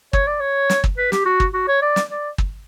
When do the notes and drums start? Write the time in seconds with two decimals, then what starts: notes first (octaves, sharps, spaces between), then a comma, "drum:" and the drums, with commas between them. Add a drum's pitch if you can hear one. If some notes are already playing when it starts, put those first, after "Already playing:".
0.13 C#5, drum: kick
0.27 D5
0.40 C#5
0.70 drum: snare
0.84 drum: kick
0.97 B4
1.12 G4, drum: snare
1.25 F#4
1.40 drum: kick
1.54 F#4
1.68 C#5
1.82 D5
1.96 drum: snare
2.10 D5
2.38 drum: kick